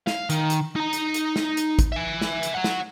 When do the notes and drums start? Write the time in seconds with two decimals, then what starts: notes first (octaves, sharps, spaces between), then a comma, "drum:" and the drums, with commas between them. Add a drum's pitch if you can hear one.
0.07 F5, drum: snare
0.30 D#3, drum: hi-hat
0.50 drum: hi-hat
0.76 D#4 A#5
0.93 drum: hi-hat
1.14 drum: hi-hat
1.36 drum: snare
1.57 drum: hi-hat
1.79 drum: kick, hi-hat
1.92 E5 G#5
2.21 drum: snare
2.43 drum: hi-hat
2.55 C#5 F#5
2.64 drum: snare